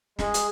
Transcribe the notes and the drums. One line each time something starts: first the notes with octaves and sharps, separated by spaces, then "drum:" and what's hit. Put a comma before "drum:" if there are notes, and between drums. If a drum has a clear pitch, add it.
G#3, drum: snare
drum: hi-hat